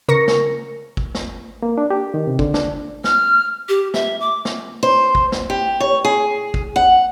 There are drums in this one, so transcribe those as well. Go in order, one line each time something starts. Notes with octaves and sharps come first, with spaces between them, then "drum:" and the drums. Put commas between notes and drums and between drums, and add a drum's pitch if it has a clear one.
C#3 A#4 C#6 A#6 C#7
drum: snare
drum: kick
drum: snare
A#3
D4
G4
D#3
C3
D3, drum: kick
D4, drum: snare
F6, drum: snare
G4
E5, drum: snare
D6
drum: snare
C5
drum: kick
drum: snare
G4
C#5
G#4
drum: kick
F#5